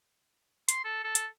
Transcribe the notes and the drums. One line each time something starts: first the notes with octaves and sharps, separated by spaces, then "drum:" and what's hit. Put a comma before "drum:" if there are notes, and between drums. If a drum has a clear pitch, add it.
C6, drum: hi-hat
A4
A4
drum: hi-hat